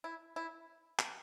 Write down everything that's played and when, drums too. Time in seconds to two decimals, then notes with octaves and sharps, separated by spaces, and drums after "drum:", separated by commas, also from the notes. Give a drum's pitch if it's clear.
0.04 E4
0.36 E4
0.99 drum: clap